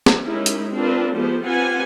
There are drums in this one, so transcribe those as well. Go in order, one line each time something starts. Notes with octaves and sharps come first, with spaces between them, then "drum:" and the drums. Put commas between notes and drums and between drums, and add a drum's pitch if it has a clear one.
drum: snare
G#3 C#4 D#4 E4 G4 A#4
drum: hi-hat
C4 D4 F4 A#4 B4
F3 G#3 B3 G4 A4 C5
C4 F4 G4 B4 F#5 G#5